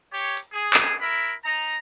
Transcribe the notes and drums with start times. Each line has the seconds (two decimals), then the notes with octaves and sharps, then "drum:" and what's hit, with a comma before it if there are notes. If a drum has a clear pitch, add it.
0.11 G4 C#5
0.37 drum: hi-hat
0.53 G#4
0.74 drum: clap
1.01 E4 A#4 B5
1.44 D#4 A#5